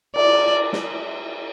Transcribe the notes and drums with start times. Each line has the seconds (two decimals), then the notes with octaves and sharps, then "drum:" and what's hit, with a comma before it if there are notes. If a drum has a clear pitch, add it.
0.16 D5, drum: cymbal
0.73 drum: snare